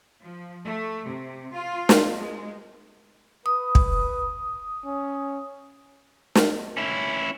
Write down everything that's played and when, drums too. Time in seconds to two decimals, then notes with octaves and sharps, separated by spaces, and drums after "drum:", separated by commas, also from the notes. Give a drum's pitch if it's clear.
0.22 F3
0.65 A3
1.07 C3
1.52 F4
1.89 drum: snare
2.17 G#3
3.46 B4 D#6
3.75 drum: kick
4.85 C#4
6.35 drum: snare
6.77 C#4 E4